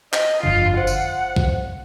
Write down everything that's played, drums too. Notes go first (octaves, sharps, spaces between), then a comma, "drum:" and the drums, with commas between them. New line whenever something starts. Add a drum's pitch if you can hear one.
D#5, drum: clap
G1 F2 D3 F4
C5 F#5
drum: tambourine
drum: kick